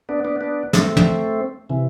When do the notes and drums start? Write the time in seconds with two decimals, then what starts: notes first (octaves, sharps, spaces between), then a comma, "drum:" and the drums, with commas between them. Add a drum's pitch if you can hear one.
0.09 B3 D4
0.25 B3 D4
0.41 B3 D4
0.73 A3 C4, drum: snare
0.97 drum: tom
1.70 C3 E3